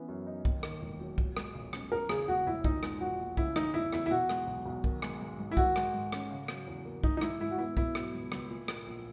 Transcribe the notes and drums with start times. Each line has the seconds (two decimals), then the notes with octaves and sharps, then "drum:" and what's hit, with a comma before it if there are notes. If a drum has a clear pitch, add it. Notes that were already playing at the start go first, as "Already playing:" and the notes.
Already playing: E3 B3 C#4
0.09 F#2
0.27 D#4
0.45 D#2, drum: kick B1
0.63 D#3, drum: rim click
0.82 E1
1.00 F#3
1.18 A#2, drum: kick B1
1.37 G#3, drum: rim click
1.55 B1
1.73 C#4, drum: rim click
1.92 E2 A#4
2.09 C#3 G#4, drum: rim click
2.28 E1 F#4
2.46 E1 E4
2.64 A#2 D#4, drum: kick B1
2.83 G#3, drum: rim click
3.01 A#1 F#4
3.19 A#1
3.37 C#3 E4, drum: kick B1
3.56 E3 D#4, drum: rim click
3.74 E2 E4
3.93 E2 E4, drum: rim click
4.06 E4
4.11 B2 F#4
4.29 G#3, drum: rim click
4.47 B1
4.66 B1
4.84 D#3, drum: kick B1
5.02 G#3, drum: rim click
5.21 G#2
5.39 G#2
5.51 E4
5.57 D#3 F#4, drum: kick B1
5.76 G#3, drum: rim click
5.94 G#2
6.12 C#4, drum: rim click
6.31 C#3
6.48 F#3, drum: rim click
6.67 E2
6.85 A#3
7.04 E3 D#4, drum: kick B1
7.17 D#4
7.21 G#3 E4, drum: rim click
7.40 G#2 E4
7.51 F#4
7.58 B3 E4
7.77 B2 E4, drum: kick B1
7.95 F#3, drum: rim click
8.14 C#2
8.32 C#2, drum: rim click
8.50 A#2
8.68 A#3, drum: rim click
8.86 A#1